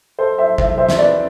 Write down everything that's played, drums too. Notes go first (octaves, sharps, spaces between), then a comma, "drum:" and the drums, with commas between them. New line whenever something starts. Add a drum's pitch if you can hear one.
A4 C5
C5 E5
C5 E5, drum: kick G1
C5 E5
drum: snare
B4 D5